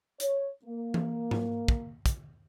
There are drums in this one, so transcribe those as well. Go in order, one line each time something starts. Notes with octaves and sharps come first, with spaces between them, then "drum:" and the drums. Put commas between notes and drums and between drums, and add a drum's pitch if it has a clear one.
C#5, drum: hi-hat
A#3
drum: tom E3
drum: tom G#2
drum: kick
drum: kick, hi-hat